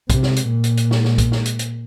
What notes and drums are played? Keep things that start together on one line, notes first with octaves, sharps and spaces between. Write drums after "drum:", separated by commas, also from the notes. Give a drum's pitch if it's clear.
C3, drum: kick A#1, hi-hat
drum: snare
drum: hi-hat
A#2
drum: hi-hat
drum: hi-hat
drum: snare
drum: snare
drum: kick A#1, hi-hat
drum: snare
drum: hi-hat
drum: hi-hat